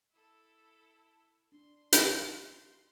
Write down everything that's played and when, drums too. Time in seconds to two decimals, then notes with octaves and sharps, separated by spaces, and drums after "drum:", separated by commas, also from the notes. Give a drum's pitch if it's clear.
0.12 E4 A4
1.52 D4 C6
1.93 drum: hi-hat
2.21 C6